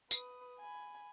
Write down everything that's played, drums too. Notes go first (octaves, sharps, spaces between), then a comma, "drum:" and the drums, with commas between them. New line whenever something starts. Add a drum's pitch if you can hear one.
B4 D#6, drum: tambourine
G#5 B5